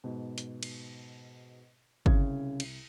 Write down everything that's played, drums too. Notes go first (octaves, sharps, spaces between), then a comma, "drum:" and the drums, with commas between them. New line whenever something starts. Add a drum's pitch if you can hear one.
G#2 B2
drum: hi-hat
drum: cymbal
C2 C#3 G#6, drum: kick G1
drum: cymbal